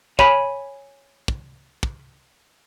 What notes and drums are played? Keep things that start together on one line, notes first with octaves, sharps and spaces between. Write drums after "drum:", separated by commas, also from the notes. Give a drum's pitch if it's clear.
C#5 G#5 B5, drum: kick
drum: kick
drum: kick